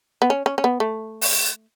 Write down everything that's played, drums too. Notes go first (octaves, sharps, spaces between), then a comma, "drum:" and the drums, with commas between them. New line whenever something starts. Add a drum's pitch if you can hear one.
B3
C#4
C#4
C#4
B3
A3
drum: open hi-hat